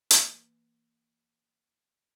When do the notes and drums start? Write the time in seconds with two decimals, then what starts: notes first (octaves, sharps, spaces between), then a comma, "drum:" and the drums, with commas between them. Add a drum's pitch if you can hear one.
0.11 E3 A#3 B4, drum: hi-hat